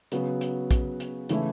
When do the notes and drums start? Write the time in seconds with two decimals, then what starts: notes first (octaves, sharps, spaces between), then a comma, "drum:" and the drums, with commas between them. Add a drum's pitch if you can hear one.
0.12 C#3 F#3 B3 F#4, drum: hi-hat
0.41 drum: hi-hat
0.71 drum: kick A#1, hi-hat
1.00 drum: hi-hat
1.29 C#3 E3 A3 E4, drum: hi-hat